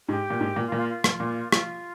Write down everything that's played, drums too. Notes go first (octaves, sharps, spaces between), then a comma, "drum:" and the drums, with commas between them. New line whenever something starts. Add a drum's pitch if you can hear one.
G#2 G4
A#2
G#2
A#2
F4
A#2
F4
F4
drum: rim click
A#2
F4, drum: rim click